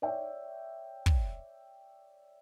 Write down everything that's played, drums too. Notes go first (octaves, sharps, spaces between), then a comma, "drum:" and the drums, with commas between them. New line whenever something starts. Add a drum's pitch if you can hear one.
C#5 D5 E5 G5
drum: kick